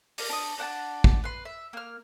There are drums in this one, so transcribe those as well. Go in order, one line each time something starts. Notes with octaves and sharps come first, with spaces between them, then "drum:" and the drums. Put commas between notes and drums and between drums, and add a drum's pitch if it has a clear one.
D4 A#4, drum: open hi-hat
D4 D#6
D4 F#5 G5 A5
drum: kick
B4 C6
E5
A#3 F6